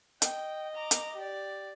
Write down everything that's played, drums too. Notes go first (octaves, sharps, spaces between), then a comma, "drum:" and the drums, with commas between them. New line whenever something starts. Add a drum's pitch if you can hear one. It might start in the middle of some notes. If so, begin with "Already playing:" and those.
D#5 G5, drum: hi-hat
A#5 D6
drum: hi-hat
G4 D5